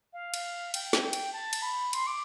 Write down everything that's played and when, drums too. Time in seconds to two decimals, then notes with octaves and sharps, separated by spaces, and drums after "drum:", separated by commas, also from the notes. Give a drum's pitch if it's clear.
0.13 F5
0.34 drum: cymbal
0.74 G5, drum: cymbal
0.93 drum: snare
1.13 drum: cymbal
1.33 A5
1.53 drum: cymbal
1.62 B5
1.93 C6, drum: cymbal
2.07 D6